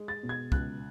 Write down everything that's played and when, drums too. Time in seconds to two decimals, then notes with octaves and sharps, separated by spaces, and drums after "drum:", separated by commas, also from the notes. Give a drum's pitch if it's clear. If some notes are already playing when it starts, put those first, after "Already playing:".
Already playing: G#3
0.08 A6
0.23 B2
0.29 G#6
0.52 C#2 F#6, drum: kick